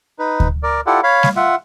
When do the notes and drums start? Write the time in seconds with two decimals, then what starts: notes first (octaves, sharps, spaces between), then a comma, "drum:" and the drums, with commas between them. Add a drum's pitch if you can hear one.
0.19 D#4 B4
0.40 drum: kick D2
0.63 A#4 D5
0.87 E4 F4 G4 A4 D5 F#5
1.03 C#5 F5 B5
1.23 drum: snare G3
1.36 F4 E5 F#5